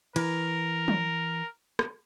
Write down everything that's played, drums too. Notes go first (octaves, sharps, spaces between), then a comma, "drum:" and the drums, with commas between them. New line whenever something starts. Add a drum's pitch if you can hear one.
E3 A#4, drum: cymbal
drum: tom F3
drum: rim click